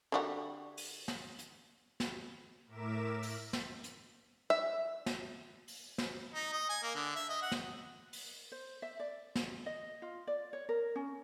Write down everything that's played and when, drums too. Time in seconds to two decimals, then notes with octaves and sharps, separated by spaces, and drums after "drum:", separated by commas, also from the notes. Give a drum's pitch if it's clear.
0.12 D3 G3 F#4
0.77 drum: open hi-hat
1.08 drum: snare
1.39 drum: hi-hat
2.00 drum: snare
2.67 A2 A#4 E5 D6 E7
3.23 drum: open hi-hat
3.53 drum: snare
3.84 drum: hi-hat
4.50 E5
5.06 drum: snare
5.68 drum: open hi-hat
5.98 drum: snare
6.34 D#4
6.53 D#5
6.70 G#5
6.83 A#3
6.96 D3
7.15 E5
7.29 D#5
7.42 F#5
7.52 drum: snare
8.13 drum: open hi-hat
8.52 C5
8.82 E5
9.00 D5
9.35 drum: snare
9.66 D#5
10.02 F4
10.27 D5
10.53 C#5
10.69 A#4
10.95 C#4